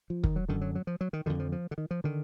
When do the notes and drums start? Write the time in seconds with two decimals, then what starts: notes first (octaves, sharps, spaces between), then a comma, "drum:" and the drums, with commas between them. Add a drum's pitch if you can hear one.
0.10 F3
0.24 D#3, drum: kick
0.36 F#3
0.49 F#2 D3 D#3
0.61 F#3
0.75 F#3
0.87 F3
1.01 F#3
1.13 D#3
1.26 F2 D3 D#3
1.40 F3
1.52 F3
1.71 D3
1.78 D#3
1.91 F3
2.04 D3 D#3